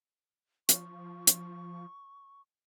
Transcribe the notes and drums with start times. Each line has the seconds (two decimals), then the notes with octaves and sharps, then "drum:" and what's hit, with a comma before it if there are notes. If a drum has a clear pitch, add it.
0.69 F3 C#6, drum: hi-hat
1.27 drum: hi-hat